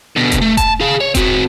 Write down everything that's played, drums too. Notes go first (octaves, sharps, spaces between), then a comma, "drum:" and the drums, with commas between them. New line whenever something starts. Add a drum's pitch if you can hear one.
B2 D3
drum: kick E1, hi-hat
A3
A5, drum: kick E1, hi-hat
G#4 F5
C#5
C4 F#4, drum: kick E1, hi-hat